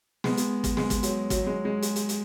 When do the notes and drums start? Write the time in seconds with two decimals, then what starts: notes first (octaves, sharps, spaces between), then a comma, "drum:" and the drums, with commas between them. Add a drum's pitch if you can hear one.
0.24 G#3 B3, drum: snare
0.37 drum: hi-hat
0.64 drum: kick, hi-hat
0.77 G#3, drum: snare
0.90 drum: kick, hi-hat
1.03 F#3, drum: hi-hat
1.30 F#3, drum: kick, hi-hat
1.47 G#3
1.65 G#3
1.82 drum: hi-hat
1.96 drum: hi-hat
2.09 drum: hi-hat